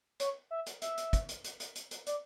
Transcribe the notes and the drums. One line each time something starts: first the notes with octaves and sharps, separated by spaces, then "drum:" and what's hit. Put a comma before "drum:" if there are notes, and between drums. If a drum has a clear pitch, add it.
C#5, drum: hi-hat
E5
drum: hi-hat
E5, drum: hi-hat
drum: hi-hat
drum: kick, hi-hat
drum: hi-hat
drum: hi-hat
drum: hi-hat
drum: hi-hat
drum: hi-hat
D5, drum: hi-hat